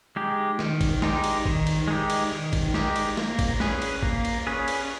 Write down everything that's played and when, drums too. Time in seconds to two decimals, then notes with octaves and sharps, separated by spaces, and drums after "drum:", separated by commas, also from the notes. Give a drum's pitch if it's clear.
0.16 G#3 D#4 G4
0.59 D#3, drum: snare
0.81 drum: kick, cymbal
1.02 G#3 D#4 G4, drum: snare
1.24 drum: cymbal
1.46 D#3, drum: kick
1.67 drum: cymbal
1.88 G#3 D#4 G4
2.10 drum: cymbal
2.32 D#3
2.53 drum: kick, cymbal
2.74 G#3 D#4 G4, drum: snare
2.96 drum: cymbal
3.17 A#3, drum: snare
3.39 drum: kick, cymbal
3.60 C#4 G#4 B4, drum: snare
3.82 drum: cymbal
4.03 A#3, drum: kick
4.25 drum: cymbal
4.47 C#4 G#4 B4
4.68 drum: cymbal